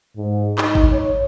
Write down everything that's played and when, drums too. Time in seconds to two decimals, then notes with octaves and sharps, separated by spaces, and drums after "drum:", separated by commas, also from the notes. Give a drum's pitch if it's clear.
0.16 G#2
0.58 D#4, drum: clap
0.75 drum: kick G#1
0.93 C#5